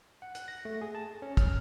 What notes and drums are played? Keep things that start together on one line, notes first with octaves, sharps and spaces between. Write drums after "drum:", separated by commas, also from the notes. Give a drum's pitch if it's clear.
F#5
F#6, drum: hi-hat
A#6
A3
G#4
A5
C#4
F6, drum: kick, hi-hat